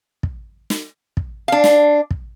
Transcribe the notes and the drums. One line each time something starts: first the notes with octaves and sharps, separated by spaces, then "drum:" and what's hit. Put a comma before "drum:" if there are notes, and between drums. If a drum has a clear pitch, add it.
drum: kick
drum: snare
drum: kick
D4 F5
drum: snare
drum: kick